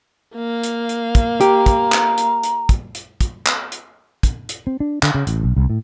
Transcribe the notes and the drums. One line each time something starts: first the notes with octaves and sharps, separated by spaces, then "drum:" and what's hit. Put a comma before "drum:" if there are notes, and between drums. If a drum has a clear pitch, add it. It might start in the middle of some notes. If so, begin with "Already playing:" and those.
A#3 F5
drum: hi-hat
drum: hi-hat
drum: kick, hi-hat
G4 A#5, drum: hi-hat
drum: kick, hi-hat
drum: clap
drum: hi-hat
drum: hi-hat
drum: kick, hi-hat
drum: hi-hat
drum: kick, hi-hat
drum: clap
drum: hi-hat
drum: kick, hi-hat
drum: hi-hat
C4
D4
D3, drum: clap
C#3
A1, drum: hi-hat
B1
C2
A2